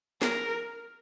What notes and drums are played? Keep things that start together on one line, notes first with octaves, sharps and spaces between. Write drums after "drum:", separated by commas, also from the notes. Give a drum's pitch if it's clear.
A#4, drum: snare